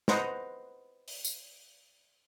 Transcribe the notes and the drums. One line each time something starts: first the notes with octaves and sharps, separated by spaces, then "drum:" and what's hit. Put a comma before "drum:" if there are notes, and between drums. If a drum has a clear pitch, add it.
B4 C5 D#5 F#5 A#5, drum: snare
drum: open hi-hat
drum: tambourine